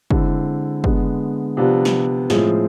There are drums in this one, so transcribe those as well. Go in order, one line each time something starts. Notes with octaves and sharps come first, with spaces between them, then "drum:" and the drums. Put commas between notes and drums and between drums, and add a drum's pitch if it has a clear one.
D3 G#3 C4 E4, drum: kick
D3 G#3 B3, drum: kick
C3 F3 B3 D4 F4
drum: snare
A2 F3 G#3 C4 G#4, drum: snare